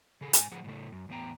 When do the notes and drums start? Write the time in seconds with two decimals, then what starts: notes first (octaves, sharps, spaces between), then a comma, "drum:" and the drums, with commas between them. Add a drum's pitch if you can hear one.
0.21 C#3 G#4 A4
0.33 G#2 G#5, drum: hi-hat
0.52 A2 F3 G#4 F#5
0.64 A2 C#3 A3
0.92 F#2
1.09 E2 A2 B3 G5 A#5